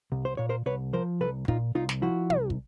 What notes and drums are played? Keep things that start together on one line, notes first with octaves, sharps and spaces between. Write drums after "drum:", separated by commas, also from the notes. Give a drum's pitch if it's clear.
C2
C5
A#2 C#5
A#4 C5
C2 B4 C#5
F3 A#4 C5
C2 A4 B4
A#2 D#4 F4, drum: kick
C2 D#4 F4
drum: snare
F3 E4 F#4
C2, drum: tom
drum: kick